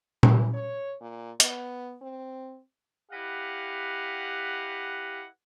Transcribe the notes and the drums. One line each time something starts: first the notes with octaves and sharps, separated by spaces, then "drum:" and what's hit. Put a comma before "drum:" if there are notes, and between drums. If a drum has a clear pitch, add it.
E3, drum: tom A#2
C#5
A#2
B3, drum: hi-hat
C4
E4 G4 B4 D#5 F5 F#5